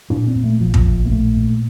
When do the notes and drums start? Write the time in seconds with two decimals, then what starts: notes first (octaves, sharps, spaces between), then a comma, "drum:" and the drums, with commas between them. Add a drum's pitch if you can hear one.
0.10 A#2 D4
0.27 C4
0.36 A#2
0.44 A3
0.60 A#1 F3
0.74 drum: kick
0.86 A#1
1.06 A#3
1.11 A#2 A3
1.37 A#2